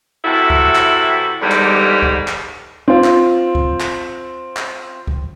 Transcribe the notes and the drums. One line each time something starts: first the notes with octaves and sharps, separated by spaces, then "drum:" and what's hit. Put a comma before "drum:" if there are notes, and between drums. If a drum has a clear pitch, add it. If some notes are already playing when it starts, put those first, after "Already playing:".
C3 E3 E4 F#4 A4
drum: kick C#2
drum: clap
E2 G#2 D3 G3
drum: clap
drum: kick C#2
drum: clap
C4 F4
drum: clap
drum: kick C#2
drum: clap
drum: clap
drum: kick C#2